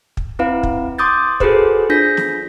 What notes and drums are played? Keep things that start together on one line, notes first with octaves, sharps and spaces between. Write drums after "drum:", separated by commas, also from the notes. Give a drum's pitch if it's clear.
drum: kick
C4 E4 B4 F5
drum: kick
C6 D6 D#6 G6 A6
F#4 G#4 A4 B4 C5, drum: kick
D4 F4 G6 A#6 B6
drum: snare